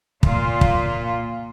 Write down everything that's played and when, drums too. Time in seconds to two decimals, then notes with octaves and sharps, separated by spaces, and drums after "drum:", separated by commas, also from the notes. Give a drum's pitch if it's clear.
0.23 A#2 A#3 F4, drum: kick
0.61 drum: kick